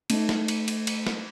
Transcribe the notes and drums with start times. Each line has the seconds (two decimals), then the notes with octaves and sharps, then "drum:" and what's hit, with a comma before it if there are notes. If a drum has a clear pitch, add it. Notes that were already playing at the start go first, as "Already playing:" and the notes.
0.10 A3 D#4, drum: cymbal
0.29 drum: snare
0.48 drum: cymbal
0.68 drum: cymbal
0.87 drum: cymbal
1.07 drum: snare